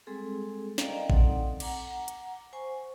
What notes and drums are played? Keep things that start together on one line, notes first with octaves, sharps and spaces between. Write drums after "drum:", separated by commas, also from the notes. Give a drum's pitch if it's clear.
G3 G#3 C4 G#4 A4
A#4 D5 D#5 F5 G5 A#5, drum: snare
C4 D#4 A4 D5 F#5, drum: kick A1
F#5 A#5 D6, drum: cymbal
drum: hi-hat
C5 G#5 C#6